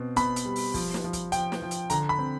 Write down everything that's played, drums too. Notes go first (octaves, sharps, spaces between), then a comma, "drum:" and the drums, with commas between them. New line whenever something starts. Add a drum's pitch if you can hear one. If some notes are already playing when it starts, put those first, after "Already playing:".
Already playing: B2 C4
B2 B5, drum: kick, hi-hat
drum: hi-hat
G3
drum: open hi-hat
F3, drum: kick, open hi-hat
drum: snare
F3
drum: kick, hi-hat
F3 G5, drum: hi-hat
drum: snare
F3
drum: hi-hat
D3 A#5, drum: hi-hat
B5
C4